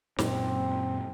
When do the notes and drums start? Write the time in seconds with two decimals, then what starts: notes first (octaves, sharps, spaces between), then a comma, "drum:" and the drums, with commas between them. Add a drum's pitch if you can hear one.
0.18 F#2 A#2 C4, drum: snare